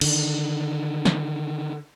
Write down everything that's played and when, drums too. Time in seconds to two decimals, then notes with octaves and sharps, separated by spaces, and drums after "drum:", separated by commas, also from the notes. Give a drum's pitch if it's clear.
0.01 D3 D#3, drum: cymbal
1.05 drum: snare